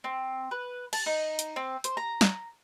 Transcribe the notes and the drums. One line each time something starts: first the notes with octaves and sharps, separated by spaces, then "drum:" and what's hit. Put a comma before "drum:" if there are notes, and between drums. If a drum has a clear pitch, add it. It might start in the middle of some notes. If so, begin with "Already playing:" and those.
C4
B4
A5, drum: cymbal
D#4
drum: hi-hat
C4
C5, drum: hi-hat
A#5
drum: snare